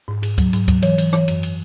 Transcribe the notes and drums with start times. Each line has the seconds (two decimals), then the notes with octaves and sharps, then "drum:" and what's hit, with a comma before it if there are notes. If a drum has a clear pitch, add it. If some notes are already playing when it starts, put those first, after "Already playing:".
0.08 G#2
0.23 G#2, drum: cymbal
0.38 F#3, drum: kick, cymbal
0.53 G#2, drum: cymbal
0.68 F#3, drum: kick, cymbal
0.82 E3 C#5, drum: cymbal
0.98 E3, drum: cymbal
1.13 E3 C#5, drum: rim click
1.28 F#2, drum: cymbal
1.43 drum: cymbal